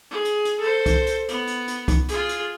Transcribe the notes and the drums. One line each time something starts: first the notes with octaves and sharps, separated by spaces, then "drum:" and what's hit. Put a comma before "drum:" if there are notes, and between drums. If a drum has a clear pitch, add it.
G#4
drum: hi-hat
drum: hi-hat
A4 C5
drum: kick C2, hi-hat
drum: hi-hat
B3, drum: hi-hat
drum: hi-hat
drum: hi-hat
drum: kick C2, hi-hat
F4 G#4, drum: hi-hat
drum: hi-hat